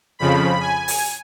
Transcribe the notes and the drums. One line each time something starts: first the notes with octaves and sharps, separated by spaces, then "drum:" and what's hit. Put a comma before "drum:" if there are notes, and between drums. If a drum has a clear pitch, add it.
F2 C#3 F3 B5
G#5
drum: open hi-hat